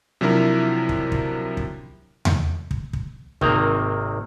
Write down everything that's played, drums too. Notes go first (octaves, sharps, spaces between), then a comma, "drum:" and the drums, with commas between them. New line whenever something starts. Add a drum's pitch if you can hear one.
C3 F3 F#3 D4 E4 A#4
drum: kick
drum: kick
drum: kick
drum: tom E2
drum: kick
drum: kick
G#1 C3 D#3 A#3 C4 A#5, drum: kick